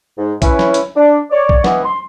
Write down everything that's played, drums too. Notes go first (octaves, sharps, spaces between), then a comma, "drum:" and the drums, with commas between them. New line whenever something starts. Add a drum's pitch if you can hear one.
G#2
C#4 E4 B4, drum: kick, hi-hat
drum: snare
drum: hi-hat
D4
C#5 D5
drum: kick
E3 B3 D#5, drum: snare
C6